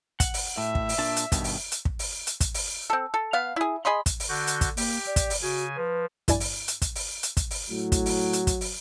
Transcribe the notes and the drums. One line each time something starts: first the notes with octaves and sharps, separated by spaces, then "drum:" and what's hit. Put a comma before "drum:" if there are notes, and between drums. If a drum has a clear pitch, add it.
F#5, drum: kick, hi-hat
drum: open hi-hat
A2 E5
drum: kick
drum: open hi-hat
A#2 D4 A5
drum: hi-hat
G2 B2 D#3, drum: kick, hi-hat
drum: open hi-hat
drum: hi-hat
drum: kick
drum: open hi-hat
drum: hi-hat
drum: kick, hi-hat
drum: open hi-hat
C4 A4
A4
B3 F5
E4 G#4
G#4 D#5 B5 C6
drum: kick, hi-hat
drum: open hi-hat
D3 F#4 G6
drum: hi-hat
drum: kick, hi-hat
A#3 G4, drum: open hi-hat
D5
drum: kick, hi-hat
drum: open hi-hat
C#3 F#4 G#5
F3 B4
A#1 G2 E4 D5 G#5, drum: kick, hi-hat
drum: open hi-hat
drum: hi-hat
drum: kick, hi-hat
drum: open hi-hat
drum: hi-hat
drum: kick, hi-hat
drum: open hi-hat
A2 F#3
drum: kick, hi-hat
drum: open hi-hat
drum: hi-hat
drum: kick, hi-hat
drum: open hi-hat